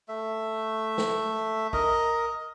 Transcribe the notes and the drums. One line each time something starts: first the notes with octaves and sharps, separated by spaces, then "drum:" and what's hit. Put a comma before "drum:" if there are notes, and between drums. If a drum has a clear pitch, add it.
A3 E5
drum: snare
A#4 D#5, drum: kick A#1